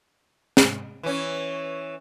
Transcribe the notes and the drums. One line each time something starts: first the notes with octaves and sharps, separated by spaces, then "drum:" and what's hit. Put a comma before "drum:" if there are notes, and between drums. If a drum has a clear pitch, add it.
drum: snare
E3 C#4